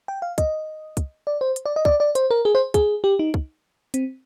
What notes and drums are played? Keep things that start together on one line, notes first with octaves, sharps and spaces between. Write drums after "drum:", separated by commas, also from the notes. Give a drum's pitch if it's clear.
G5
F5
D#5, drum: kick, hi-hat
drum: kick, hi-hat
D5
C5
drum: hi-hat
D5
D#5
D5, drum: kick
D5
C5, drum: hi-hat
A#4
G#4
C5
G#4, drum: kick, hi-hat
G4
D#4
drum: kick
C4, drum: hi-hat